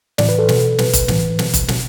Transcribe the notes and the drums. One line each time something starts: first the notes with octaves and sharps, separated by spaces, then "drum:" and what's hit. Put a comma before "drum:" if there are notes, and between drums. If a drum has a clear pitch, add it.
A2 E3 D5, drum: snare
B4
A4
B2, drum: snare
B2 B4, drum: snare
drum: kick G1, hi-hat
A2 E3, drum: snare
B2, drum: snare
drum: kick G1, hi-hat
B2, drum: snare